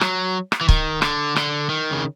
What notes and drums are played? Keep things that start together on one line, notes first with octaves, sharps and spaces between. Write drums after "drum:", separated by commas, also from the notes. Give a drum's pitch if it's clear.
F#3, drum: rim click
drum: rim click
E3
D#3, drum: kick C#1
D3, drum: rim click
D3, drum: rim click
D#3
C#3